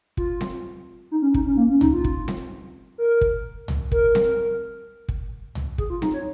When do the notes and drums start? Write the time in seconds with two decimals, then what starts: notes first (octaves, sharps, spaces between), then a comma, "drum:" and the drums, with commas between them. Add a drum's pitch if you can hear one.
0.17 F4, drum: kick
0.41 drum: snare C4
1.11 D#4
1.22 C#4
1.34 D#4, drum: kick
1.46 C#4
1.57 A#3
1.70 C#4
1.81 D#4, drum: tom
1.93 F4
2.04 drum: kick
2.28 drum: snare C4
2.98 A#4
3.21 drum: kick
3.68 drum: tom
3.92 A#4, drum: kick
4.15 drum: snare C4
5.08 drum: kick
5.55 drum: tom
5.78 G#4, drum: kick
5.90 F4
6.02 D#4, drum: snare C4
6.14 C#5